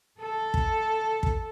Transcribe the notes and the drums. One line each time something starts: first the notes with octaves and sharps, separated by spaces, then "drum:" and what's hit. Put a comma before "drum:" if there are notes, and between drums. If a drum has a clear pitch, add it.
A4
drum: kick
drum: kick